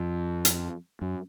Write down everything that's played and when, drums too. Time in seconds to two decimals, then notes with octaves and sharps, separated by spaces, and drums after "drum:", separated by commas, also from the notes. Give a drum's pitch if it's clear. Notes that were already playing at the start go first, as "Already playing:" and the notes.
Already playing: F2
0.45 drum: hi-hat
1.02 F#2